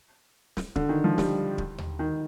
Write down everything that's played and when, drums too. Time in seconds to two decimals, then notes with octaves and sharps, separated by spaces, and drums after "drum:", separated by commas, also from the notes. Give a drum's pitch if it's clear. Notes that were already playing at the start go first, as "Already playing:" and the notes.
0.57 drum: snare
0.76 D3, drum: kick
0.89 D#3
1.04 F3
1.18 G3, drum: snare
1.58 drum: kick
1.78 drum: tom D#2
1.99 D#3